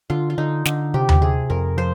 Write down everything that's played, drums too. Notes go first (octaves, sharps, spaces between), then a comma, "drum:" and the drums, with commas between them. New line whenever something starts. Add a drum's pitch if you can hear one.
D3 F4
F4
D3 D#4
D3 D#4, drum: snare
C3 G4
drum: tom D#2
C3 G#4
F2 A#4
F3 C5